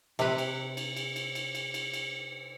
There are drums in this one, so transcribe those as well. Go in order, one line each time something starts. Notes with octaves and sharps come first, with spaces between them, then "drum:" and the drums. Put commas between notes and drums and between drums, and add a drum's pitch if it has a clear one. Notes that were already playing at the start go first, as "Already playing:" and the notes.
C3 B4, drum: cymbal
drum: cymbal
drum: cymbal
drum: cymbal
drum: cymbal
drum: cymbal
drum: cymbal
drum: cymbal
drum: cymbal